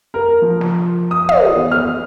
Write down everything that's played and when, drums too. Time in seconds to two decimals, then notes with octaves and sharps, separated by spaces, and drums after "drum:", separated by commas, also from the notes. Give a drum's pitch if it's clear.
0.14 A#4
0.42 F3
0.61 drum: snare
1.11 D#6
1.29 drum: tom
1.56 E2
1.71 F6